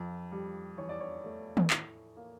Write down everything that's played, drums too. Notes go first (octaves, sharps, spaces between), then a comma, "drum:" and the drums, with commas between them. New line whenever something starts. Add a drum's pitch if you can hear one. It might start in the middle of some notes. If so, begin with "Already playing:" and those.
Already playing: F2
G3
E2 C#5
D5
C#5
A3
drum: tom D#3
A2, drum: clap
A#3